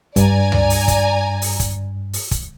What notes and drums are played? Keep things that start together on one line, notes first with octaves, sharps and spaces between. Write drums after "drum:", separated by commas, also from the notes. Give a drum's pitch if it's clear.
G2 D5 G#5 A#5, drum: kick, hi-hat
drum: tom C#2
drum: open hi-hat
drum: kick, hi-hat
drum: open hi-hat
drum: kick, hi-hat
drum: open hi-hat
drum: kick, hi-hat